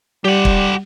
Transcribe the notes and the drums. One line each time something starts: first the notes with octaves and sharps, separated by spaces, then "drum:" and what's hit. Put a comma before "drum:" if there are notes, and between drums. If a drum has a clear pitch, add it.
G3 G4 F#5
drum: kick